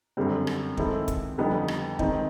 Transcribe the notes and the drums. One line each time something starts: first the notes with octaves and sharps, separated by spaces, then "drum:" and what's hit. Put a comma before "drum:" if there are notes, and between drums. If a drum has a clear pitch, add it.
F#2 D3 G3 C4
drum: rim click
D#3 G#3 C4 E4 A4, drum: kick
drum: kick, hi-hat
F2 D3 G3 B3 D#4
drum: rim click
D#3 G#3 C4 D#4, drum: kick